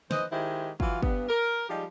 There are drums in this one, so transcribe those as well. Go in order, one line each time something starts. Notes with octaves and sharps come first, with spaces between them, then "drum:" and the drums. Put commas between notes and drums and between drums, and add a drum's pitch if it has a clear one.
E3 B4 C5 D#5, drum: snare
D#3 G#3 E4 G4 C5
E3 F#3 F4, drum: kick
G2 B3, drum: kick
A#4
F3 G3 G#3 D#4 G4